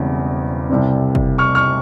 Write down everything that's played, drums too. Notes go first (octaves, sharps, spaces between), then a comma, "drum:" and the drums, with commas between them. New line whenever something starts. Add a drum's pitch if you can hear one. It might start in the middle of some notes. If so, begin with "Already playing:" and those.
Already playing: E1 E2 C#3 G3 C4
C2 C3 G3 C4
drum: kick
C#6 F6
C#6 F6